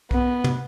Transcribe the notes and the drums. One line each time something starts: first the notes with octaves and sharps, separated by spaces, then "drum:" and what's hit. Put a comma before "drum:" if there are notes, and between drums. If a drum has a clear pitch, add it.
B3, drum: kick B1
drum: tom